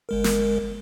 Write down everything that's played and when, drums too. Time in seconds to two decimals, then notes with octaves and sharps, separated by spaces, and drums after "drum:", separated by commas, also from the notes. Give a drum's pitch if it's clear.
0.09 G1 G#3 A#4
0.24 drum: snare